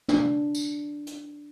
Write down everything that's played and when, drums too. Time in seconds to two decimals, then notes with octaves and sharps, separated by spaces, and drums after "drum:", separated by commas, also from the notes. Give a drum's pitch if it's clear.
0.09 D4, drum: snare
0.55 drum: tambourine
1.07 drum: hi-hat